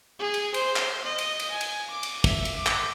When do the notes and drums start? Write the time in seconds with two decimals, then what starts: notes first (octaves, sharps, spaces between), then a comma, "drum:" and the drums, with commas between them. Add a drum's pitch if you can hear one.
0.19 G#4
0.34 drum: cymbal
0.54 C5, drum: cymbal
0.76 drum: clap
1.04 D#5
1.18 drum: cymbal
1.40 drum: cymbal
1.51 G#5
1.61 drum: cymbal
1.90 D6
2.03 drum: cymbal
2.24 E5, drum: kick, cymbal
2.45 drum: cymbal
2.56 D6
2.66 drum: clap